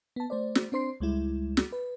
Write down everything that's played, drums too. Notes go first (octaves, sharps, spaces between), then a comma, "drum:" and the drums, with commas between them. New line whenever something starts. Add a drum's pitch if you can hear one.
B3 A5
A3 C5 D5
drum: snare
C4 D4 C5 C6 C7
C#2 G3 G#3 E4
drum: snare
B4